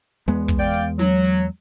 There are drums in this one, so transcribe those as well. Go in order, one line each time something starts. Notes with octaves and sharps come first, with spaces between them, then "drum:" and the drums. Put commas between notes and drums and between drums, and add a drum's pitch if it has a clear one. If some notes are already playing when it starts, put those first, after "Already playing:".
E2 G#3 B3
drum: kick, hi-hat
D5 F5 G5
drum: hi-hat
F#3, drum: snare
drum: hi-hat